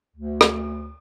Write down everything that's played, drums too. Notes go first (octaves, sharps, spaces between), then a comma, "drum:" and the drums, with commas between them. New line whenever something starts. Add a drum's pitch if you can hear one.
D2
drum: rim click